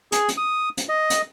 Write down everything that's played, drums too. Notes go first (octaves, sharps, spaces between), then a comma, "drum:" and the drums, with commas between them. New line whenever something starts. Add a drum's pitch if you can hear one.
G#4, drum: hi-hat
drum: hi-hat
D#6
drum: hi-hat
D#5
drum: hi-hat